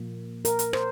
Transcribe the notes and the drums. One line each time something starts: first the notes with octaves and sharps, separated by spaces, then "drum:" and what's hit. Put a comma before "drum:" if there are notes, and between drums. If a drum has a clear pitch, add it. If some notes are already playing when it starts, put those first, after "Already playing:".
Already playing: A#2 F3 A#3
A#4, drum: hi-hat
drum: hi-hat
C5, drum: rim click